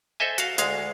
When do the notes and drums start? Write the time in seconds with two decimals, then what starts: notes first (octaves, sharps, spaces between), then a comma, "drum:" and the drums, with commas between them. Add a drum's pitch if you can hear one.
0.20 A4 C5 D#5 E5 G#5
0.38 F#4 F5, drum: hi-hat
0.58 D2 G#3 F5, drum: hi-hat